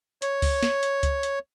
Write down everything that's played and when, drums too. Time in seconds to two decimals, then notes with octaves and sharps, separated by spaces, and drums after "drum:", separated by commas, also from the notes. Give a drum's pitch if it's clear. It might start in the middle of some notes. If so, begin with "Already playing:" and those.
0.22 C#5, drum: hi-hat
0.42 drum: kick C#2, open hi-hat
0.63 drum: snare
0.83 drum: hi-hat
1.03 drum: kick C#2, hi-hat
1.23 drum: hi-hat